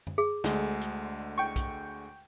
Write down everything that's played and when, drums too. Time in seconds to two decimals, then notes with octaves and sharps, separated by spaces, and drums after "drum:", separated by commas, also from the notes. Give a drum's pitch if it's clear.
0.07 drum: tom F#2
0.18 G#4
0.44 D2 D3 G#3, drum: snare
0.81 drum: hi-hat
1.38 G5 C#6
1.56 drum: kick B1, hi-hat